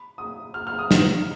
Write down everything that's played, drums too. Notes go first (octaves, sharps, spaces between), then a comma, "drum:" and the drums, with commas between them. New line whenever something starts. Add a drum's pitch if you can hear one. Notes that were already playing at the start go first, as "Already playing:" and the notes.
Already playing: B5
D#6
F6
F6
D#6
drum: snare